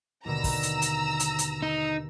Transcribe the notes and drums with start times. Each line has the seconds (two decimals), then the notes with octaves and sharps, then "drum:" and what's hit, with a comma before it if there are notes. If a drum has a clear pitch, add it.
0.25 D#2 B2 D3 A#5 E6
0.44 drum: kick, open hi-hat
0.63 drum: hi-hat
0.82 drum: hi-hat
1.20 drum: hi-hat
1.39 drum: hi-hat
1.63 D#4